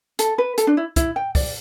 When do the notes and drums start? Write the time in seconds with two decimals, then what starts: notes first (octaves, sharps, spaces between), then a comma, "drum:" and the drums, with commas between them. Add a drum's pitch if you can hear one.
0.19 A4, drum: hi-hat
0.38 B4
0.58 A4, drum: hi-hat
0.67 D4
0.77 E4
0.96 E4, drum: kick, hi-hat
1.16 G5
1.35 D5, drum: kick, open hi-hat